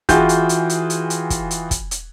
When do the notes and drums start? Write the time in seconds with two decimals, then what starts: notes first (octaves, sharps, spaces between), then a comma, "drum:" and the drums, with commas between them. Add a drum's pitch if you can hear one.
0.09 E3 F4 F#4 G#4 G5 G6, drum: kick, hi-hat
0.29 drum: hi-hat
0.49 drum: hi-hat
0.70 drum: hi-hat
0.90 drum: hi-hat
1.10 drum: hi-hat
1.30 drum: kick, hi-hat
1.51 drum: hi-hat
1.71 drum: kick, hi-hat
1.91 drum: hi-hat